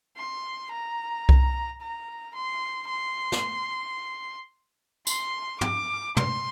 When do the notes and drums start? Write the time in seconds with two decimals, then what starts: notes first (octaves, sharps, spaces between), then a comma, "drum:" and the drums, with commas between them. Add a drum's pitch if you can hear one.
0.17 C6
0.73 A#5
1.29 drum: kick C2
1.81 A#5
2.35 C6
2.89 C6
3.32 drum: snare
5.07 C6, drum: tambourine
5.61 D6, drum: tom
6.17 C6, drum: tom